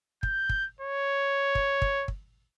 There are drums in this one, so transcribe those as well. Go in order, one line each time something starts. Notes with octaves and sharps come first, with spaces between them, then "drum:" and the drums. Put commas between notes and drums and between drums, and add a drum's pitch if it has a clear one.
G6, drum: kick
drum: kick
C#5
drum: kick
drum: kick
drum: kick